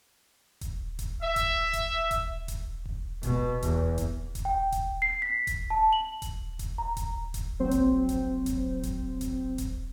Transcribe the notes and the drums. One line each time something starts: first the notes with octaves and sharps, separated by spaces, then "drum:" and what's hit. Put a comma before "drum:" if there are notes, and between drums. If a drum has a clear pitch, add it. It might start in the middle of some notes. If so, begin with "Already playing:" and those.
drum: kick D#1, hi-hat
drum: kick D#1, hi-hat
E5
drum: kick D#1, hi-hat
drum: kick D#1, hi-hat
drum: kick D#1, hi-hat
drum: kick D#1, hi-hat
drum: kick D#1
B2, drum: kick D#1, hi-hat
E2, drum: kick D#1, hi-hat
drum: kick D#1, hi-hat
drum: kick D#1, hi-hat
G5
drum: kick D#1, hi-hat
C7
B6
drum: kick D#1, hi-hat
A5
F#7
drum: kick D#1, hi-hat
drum: kick D#1, hi-hat
A#5
drum: kick D#1, hi-hat
drum: kick D#1, hi-hat
A#1 F#3 C4 C5
drum: kick D#1, hi-hat
drum: kick D#1, hi-hat
drum: kick D#1, hi-hat
drum: kick D#1, hi-hat
drum: kick D#1, hi-hat
drum: kick D#1, hi-hat